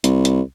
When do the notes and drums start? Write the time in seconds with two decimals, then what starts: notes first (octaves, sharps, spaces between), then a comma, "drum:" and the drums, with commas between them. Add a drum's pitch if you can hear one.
0.04 C2, drum: hi-hat
0.25 drum: hi-hat